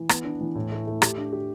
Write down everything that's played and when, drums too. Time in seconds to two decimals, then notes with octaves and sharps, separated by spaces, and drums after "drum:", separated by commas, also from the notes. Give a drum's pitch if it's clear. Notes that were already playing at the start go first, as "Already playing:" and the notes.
Already playing: E3
0.09 B3, drum: rim click
0.24 D4
0.41 E3
0.55 A2
0.72 A3
0.87 A3
1.02 G4, drum: rim click
1.18 D4
1.32 G4